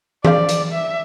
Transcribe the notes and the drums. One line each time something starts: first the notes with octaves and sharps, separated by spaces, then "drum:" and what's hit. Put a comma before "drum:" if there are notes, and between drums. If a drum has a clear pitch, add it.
G#4 C5 D5 F5, drum: tom E3
drum: hi-hat
E5